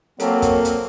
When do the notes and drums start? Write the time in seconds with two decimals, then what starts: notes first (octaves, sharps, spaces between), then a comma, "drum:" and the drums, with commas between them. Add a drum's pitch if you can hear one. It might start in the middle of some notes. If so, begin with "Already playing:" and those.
0.20 F#3 A#3 C4 A4 A#4 A5, drum: hi-hat
0.42 drum: kick, hi-hat
0.65 drum: hi-hat